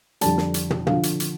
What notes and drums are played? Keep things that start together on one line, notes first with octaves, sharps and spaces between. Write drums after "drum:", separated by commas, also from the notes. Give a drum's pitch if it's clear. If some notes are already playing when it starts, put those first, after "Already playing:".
F2 D3 G3 A5, drum: hi-hat
drum: snare
drum: hi-hat
drum: tom
D3 F3 F5, drum: tom
drum: hi-hat
drum: hi-hat